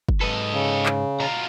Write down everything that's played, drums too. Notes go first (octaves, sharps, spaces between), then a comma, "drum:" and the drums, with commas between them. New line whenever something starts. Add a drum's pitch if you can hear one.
drum: kick
G#2 A4 B4 D#5
C#3
drum: clap
B2 F4 A#5